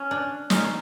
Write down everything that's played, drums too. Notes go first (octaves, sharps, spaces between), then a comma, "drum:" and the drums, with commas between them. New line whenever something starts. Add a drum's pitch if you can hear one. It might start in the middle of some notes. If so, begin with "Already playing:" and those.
Already playing: C#4
D4
C#4 D#4, drum: snare
C#4